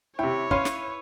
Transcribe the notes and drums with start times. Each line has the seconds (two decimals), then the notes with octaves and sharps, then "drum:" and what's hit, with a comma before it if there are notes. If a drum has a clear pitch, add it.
0.19 C3 E4 C#5 G5
0.51 C#4 B4 F5 C6, drum: kick
0.65 drum: snare